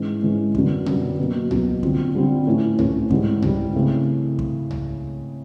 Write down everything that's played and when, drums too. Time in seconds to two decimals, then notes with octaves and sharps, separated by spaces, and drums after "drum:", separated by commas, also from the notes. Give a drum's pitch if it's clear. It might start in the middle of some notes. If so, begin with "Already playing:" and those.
Already playing: G#2 E3 G#3 C#4
0.22 G#2 E3 G#3 C#4
0.55 F#2 D3 G3 B3, drum: kick
0.86 F#2 D3 G3 B3, drum: tom B2
1.19 B2 F#3 A#3
1.51 B2 F#3 A#3, drum: tom C2
1.83 D3 G3 C4 F4, drum: kick
2.15 D3 G3 C4 F4
2.47 A2 E3 A3 C#4
2.79 A2 E3 A3 C#4, drum: tom C2
3.10 G#2 E3 G3, drum: kick
3.42 G#2 E3 G3, drum: tom C2
3.75 C#3 E3 A3 C4
4.39 drum: kick
4.71 drum: tom C2